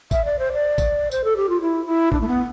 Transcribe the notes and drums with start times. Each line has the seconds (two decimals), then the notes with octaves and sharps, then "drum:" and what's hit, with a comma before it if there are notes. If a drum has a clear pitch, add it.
0.11 E5, drum: kick A1, tambourine
0.25 D5
0.39 C5
0.53 D5
0.78 drum: kick A1, tambourine
1.11 C5, drum: tambourine
1.24 A4
1.37 G4
1.49 F4
1.61 E4
1.86 E4
2.12 D4, drum: kick A1
2.21 A3
2.28 B3